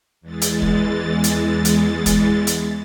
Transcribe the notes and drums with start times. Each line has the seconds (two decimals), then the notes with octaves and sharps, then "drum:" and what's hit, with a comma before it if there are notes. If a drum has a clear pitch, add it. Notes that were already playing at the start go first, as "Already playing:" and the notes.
0.21 E2 E3 G#3 A6
0.41 drum: hi-hat
0.62 drum: kick
1.24 drum: hi-hat
1.65 drum: hi-hat
2.06 drum: kick, hi-hat
2.47 drum: hi-hat